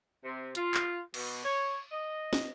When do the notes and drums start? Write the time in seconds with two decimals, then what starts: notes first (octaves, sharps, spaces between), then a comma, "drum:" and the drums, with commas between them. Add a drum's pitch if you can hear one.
0.24 C3
0.55 F4, drum: hi-hat
0.74 drum: clap
1.14 B2, drum: cymbal
1.44 C#5
1.92 D#5
2.33 drum: snare